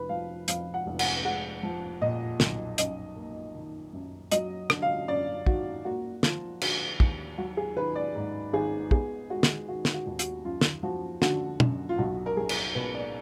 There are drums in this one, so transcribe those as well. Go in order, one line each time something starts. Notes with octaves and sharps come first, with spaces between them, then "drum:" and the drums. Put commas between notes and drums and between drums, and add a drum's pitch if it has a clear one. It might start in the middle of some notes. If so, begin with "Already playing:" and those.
Already playing: F1 B4
F3 F5
F2 F5, drum: hi-hat
F#5
F1
F#5, drum: cymbal
G#3 F#5
F3
A#2 D#5
B1, drum: snare
F#2 D#5, drum: hi-hat
A#3
D#3
F#2
F#3 D#5, drum: hi-hat
D3, drum: rim click
F5
F#2 D5
G#1 F#4, drum: kick
A#3 F#4
F3 F4, drum: snare
D3 F#4, drum: cymbal
D#2, drum: kick
F#3 F#4
G#4
D#3 B4
D5
G#2
G#1 G#4
B3 G#4, drum: kick
G#3 F#4
drum: snare
D#3 F#4
drum: snare
F#4
D#2
F#4, drum: hi-hat
F#2 F4
drum: snare
F3 F#4
D3 F#4, drum: snare
F#2, drum: tom
F4
B1 F#4
A#4
F#3 G#4
drum: cymbal
B2 B4
D5